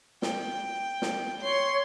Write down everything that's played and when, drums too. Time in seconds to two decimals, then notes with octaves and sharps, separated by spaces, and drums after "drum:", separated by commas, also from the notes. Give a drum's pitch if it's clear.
0.22 G5, drum: snare
1.02 drum: snare
1.42 C#5 C6